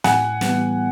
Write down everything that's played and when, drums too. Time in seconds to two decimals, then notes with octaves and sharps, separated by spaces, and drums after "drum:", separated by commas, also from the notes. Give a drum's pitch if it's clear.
0.04 A2 F#5 G#5, drum: snare
0.41 E3 G3 B3, drum: snare